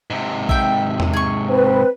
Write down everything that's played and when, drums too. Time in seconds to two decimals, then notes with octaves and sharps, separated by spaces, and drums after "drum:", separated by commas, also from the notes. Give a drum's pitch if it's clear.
0.10 G#2 C3
0.49 E5 G5, drum: kick A#1
1.00 drum: tom E2
1.13 G#4 C#6
1.50 C4 B4